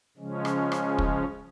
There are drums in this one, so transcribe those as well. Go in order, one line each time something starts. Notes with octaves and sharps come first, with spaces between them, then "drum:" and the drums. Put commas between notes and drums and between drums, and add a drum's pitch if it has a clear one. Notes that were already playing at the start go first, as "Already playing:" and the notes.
C#3 F3 G#3 C#4
drum: rim click
drum: rim click
drum: kick